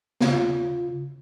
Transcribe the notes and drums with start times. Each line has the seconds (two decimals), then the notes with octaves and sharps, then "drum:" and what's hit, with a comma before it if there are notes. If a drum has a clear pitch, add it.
0.21 C#3 F4, drum: snare